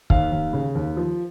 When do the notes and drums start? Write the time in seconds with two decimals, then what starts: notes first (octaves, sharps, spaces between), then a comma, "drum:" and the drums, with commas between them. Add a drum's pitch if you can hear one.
0.10 D#2 F5, drum: kick
0.32 D#2
0.53 C#3
0.75 D#2
0.97 F3